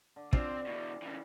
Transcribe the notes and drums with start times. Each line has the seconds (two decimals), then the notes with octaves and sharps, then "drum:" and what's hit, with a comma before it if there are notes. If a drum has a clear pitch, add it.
0.16 D3
0.33 C4 D4 F4 D5, drum: kick
0.66 B2 E3
1.02 C#3 E3